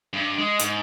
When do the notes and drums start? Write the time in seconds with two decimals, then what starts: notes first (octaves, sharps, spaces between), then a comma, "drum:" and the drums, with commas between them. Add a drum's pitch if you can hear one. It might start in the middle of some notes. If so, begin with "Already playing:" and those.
0.13 G2
0.38 G#3
0.59 G#2, drum: hi-hat